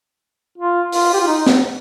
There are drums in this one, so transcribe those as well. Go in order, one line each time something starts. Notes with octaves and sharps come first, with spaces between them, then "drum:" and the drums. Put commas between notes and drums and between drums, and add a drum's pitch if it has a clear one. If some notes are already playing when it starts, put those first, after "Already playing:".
F4
F4, drum: open hi-hat
G4
F4
D#4
drum: snare